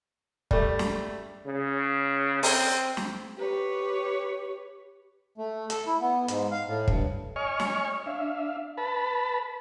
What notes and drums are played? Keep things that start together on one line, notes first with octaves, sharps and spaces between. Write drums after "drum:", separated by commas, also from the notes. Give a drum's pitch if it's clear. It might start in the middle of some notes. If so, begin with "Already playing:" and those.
G3 A3, drum: kick
drum: snare
C#3
C4, drum: open hi-hat
drum: snare
G4 B4 C#5
A3
A4, drum: hi-hat
E4
B3
G#2, drum: hi-hat
F5
A2
G2, drum: kick
C#5 D#5 G#5 C#6 F6
drum: snare
D4 E5 F5
B4 A5 B5